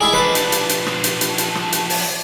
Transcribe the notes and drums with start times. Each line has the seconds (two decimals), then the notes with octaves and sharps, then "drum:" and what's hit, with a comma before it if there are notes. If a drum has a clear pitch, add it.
0.01 G#3 E4 G#4 D5
0.13 F3 D4 B4 D5
0.35 drum: hi-hat
0.52 drum: hi-hat
0.69 drum: hi-hat
0.87 drum: rim click
1.04 drum: hi-hat
1.21 drum: hi-hat
1.38 drum: hi-hat
1.55 drum: rim click
1.72 drum: hi-hat
1.90 drum: open hi-hat